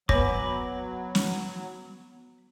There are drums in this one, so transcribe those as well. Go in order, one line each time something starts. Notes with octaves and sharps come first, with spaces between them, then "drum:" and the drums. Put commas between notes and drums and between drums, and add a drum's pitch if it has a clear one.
F#3 B3 C#5 G#5 B5 D6 A#6, drum: kick
drum: snare